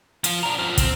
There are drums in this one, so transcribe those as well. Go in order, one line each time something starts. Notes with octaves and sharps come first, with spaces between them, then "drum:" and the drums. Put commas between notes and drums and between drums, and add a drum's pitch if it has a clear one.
F3 F4, drum: hi-hat
D4 A#4
F#2 F3
C4, drum: kick, hi-hat